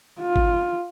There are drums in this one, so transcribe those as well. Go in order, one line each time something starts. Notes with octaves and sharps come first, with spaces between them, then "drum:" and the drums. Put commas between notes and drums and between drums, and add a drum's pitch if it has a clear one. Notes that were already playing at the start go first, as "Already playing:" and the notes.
F4
drum: kick